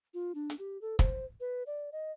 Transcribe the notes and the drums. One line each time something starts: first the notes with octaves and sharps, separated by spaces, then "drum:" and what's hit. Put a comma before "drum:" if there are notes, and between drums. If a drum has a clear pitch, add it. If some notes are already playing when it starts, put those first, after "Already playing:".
F4
D4
drum: hi-hat
G4
A4
C5, drum: kick, hi-hat
B4
D5
D#5